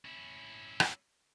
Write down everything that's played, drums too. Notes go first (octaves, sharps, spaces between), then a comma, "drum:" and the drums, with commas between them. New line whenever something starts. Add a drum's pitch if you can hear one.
C#4 E4
drum: rim click